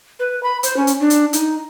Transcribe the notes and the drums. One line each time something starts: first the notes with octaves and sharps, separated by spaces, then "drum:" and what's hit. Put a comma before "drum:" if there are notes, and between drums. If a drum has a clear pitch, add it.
B4
B5
C5, drum: hi-hat
C#4
drum: hi-hat
D4
drum: hi-hat
D#4, drum: hi-hat